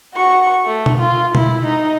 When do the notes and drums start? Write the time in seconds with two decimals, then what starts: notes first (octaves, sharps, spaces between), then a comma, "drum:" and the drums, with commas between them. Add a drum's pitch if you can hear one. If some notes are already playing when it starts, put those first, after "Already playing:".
0.14 F#4 C#6
0.66 A3
0.86 drum: tom B2
0.98 F4
1.35 E4, drum: tom B2
1.66 D#4